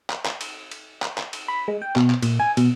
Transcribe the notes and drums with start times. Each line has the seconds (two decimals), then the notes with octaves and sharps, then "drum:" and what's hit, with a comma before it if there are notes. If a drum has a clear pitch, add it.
0.10 drum: clap
0.25 drum: clap
0.41 drum: cymbal
0.71 drum: cymbal
1.02 drum: clap
1.18 drum: clap
1.33 drum: cymbal
1.48 B5
1.68 G#3
1.82 G5
1.96 B2, drum: clap
2.10 drum: clap
2.23 A#2, drum: cymbal
2.40 G#5
2.57 B2, drum: cymbal